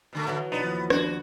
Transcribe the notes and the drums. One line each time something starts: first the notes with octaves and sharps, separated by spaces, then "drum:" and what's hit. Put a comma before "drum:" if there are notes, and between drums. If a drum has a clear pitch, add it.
B2 D3 A3
E3 F#3
B1 B3 D4 D#4
D#2 F3
D4 F#4, drum: rim click